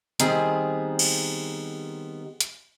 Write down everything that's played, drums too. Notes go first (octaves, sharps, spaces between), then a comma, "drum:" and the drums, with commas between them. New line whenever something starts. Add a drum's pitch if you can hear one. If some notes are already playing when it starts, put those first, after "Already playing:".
D#3 G3 B3 C4 G#4 G#5, drum: hi-hat
drum: cymbal
drum: hi-hat